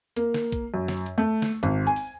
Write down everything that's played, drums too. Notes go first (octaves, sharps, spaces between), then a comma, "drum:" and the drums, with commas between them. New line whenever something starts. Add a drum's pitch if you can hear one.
A#3, drum: hi-hat
drum: snare
drum: kick A#1, hi-hat
F#2
drum: snare
drum: hi-hat
A3
drum: snare
G#1, drum: hi-hat
G#5
drum: open hi-hat